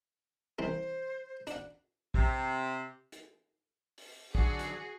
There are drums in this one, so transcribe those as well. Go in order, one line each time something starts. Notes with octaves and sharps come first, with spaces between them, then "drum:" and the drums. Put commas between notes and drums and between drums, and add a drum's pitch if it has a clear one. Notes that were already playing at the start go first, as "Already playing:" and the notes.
C2 E3 C4 C5
D4 F#5, drum: hi-hat
C3, drum: kick A#1
drum: hi-hat
drum: open hi-hat
D3 F#3 F#4 G#4, drum: kick A#1
drum: hi-hat